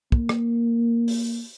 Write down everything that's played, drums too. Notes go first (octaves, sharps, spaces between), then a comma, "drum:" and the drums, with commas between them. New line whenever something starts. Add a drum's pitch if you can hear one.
A#3, drum: kick
drum: rim click
drum: open hi-hat